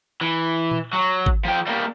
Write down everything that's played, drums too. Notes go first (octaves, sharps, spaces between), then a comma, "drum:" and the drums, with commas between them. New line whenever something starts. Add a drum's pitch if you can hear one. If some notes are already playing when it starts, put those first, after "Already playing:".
E3
drum: tom A#2
F#3
drum: kick G#1
F3 G5
G3 A#3